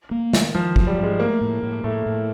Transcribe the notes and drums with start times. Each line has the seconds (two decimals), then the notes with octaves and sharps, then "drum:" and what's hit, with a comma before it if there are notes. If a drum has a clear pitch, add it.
0.11 A#3
0.33 D#3, drum: snare
0.55 D#3 F3
0.76 F#3, drum: kick
0.87 G3
0.98 G#2
1.03 G#3
1.19 A3 A#3
1.41 A2
1.63 A2
1.84 A2 A3
2.06 A2